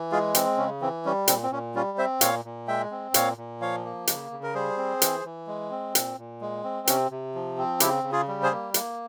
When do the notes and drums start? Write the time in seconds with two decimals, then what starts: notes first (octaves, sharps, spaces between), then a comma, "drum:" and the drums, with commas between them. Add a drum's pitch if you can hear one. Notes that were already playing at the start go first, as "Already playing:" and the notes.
Already playing: E3
0.12 G#3 F4 G#4
0.35 C4, drum: hi-hat
0.58 C#3 C#4
0.81 E3 C4
1.05 G3 C#4
1.28 A#2 C4, drum: hi-hat
1.43 C4
1.51 A#2 C#4
1.75 G3 C#4 F4
1.98 C4 C5 E5
2.21 A#2 C#5 F5, drum: hi-hat
2.45 A#2
2.68 G#3 E5 G5
2.91 C4
3.14 A#2 C#5 F5, drum: hi-hat
3.37 A#2
3.61 F3 C#5 F5
3.85 A#3
4.07 C#3, drum: hi-hat
4.31 C#3
4.43 A#4
4.54 G3 G#4 C5
4.77 C4
5.02 E3, drum: hi-hat
5.25 E3
5.47 G#3
5.71 C4
5.95 A#2, drum: hi-hat
6.18 A#2
6.41 G#3
6.64 C4
6.87 C3 C#4, drum: hi-hat
7.11 C3
7.35 F3
7.58 C4
7.80 C#3 E4 G4, drum: hi-hat
8.04 C#3
8.12 F4 G#4
8.28 G3
8.43 G#4 C5
8.51 A#3
8.74 A#3, drum: hi-hat